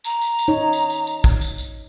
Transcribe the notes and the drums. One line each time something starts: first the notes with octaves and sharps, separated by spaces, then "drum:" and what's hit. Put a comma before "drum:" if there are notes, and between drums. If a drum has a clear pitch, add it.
A#5, drum: tambourine
drum: tambourine
drum: tambourine
D#4 C#5
drum: tambourine
drum: tambourine
drum: tambourine
drum: kick, tambourine
drum: tambourine
drum: tambourine